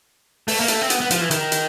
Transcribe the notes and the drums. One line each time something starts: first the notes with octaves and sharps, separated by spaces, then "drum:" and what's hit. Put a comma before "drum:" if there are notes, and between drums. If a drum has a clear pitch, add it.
A3, drum: open hi-hat
A#3
A3, drum: hi-hat
C4
B3, drum: hi-hat
B3
F3, drum: hi-hat
E3
D#3, drum: hi-hat
drum: hi-hat